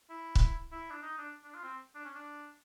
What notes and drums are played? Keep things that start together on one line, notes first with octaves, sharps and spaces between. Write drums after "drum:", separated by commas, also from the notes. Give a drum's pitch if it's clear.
E4
drum: kick C#1
E4
D4
D#4
D4
D4
F4
C4
D4
C#4
D4